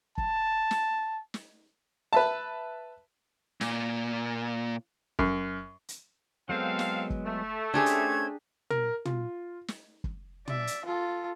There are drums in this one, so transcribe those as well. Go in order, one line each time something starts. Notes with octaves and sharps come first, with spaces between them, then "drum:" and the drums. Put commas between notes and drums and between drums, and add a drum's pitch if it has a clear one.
A5, drum: kick
drum: snare
drum: snare
B4 E5 A5
A#2, drum: snare
F#2, drum: kick
drum: hi-hat
F#3 G#3 B3 C4 A4 F5
drum: snare
drum: kick
A3
C#4 D4 G4 G#4 C5 G#6
drum: hi-hat
A#4, drum: tom
F4, drum: tom
drum: snare
drum: kick
D5 E5, drum: tom
drum: hi-hat
F4 A4